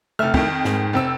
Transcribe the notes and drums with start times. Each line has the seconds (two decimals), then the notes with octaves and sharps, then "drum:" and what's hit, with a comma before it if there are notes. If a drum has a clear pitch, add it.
0.19 F1 A3 E5 F6
0.34 F2 D#3, drum: kick
0.64 G#2, drum: snare
0.93 F1 C4 E6